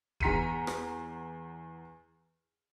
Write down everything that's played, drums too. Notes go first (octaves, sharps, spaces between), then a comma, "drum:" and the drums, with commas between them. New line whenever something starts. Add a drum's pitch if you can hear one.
E2 A#5 B6 C#7 D#7, drum: kick D#1
drum: rim click